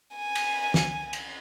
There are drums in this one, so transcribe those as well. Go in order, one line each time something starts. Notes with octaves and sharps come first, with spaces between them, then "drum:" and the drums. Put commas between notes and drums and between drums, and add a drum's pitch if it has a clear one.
G#5
drum: cymbal
drum: snare
drum: cymbal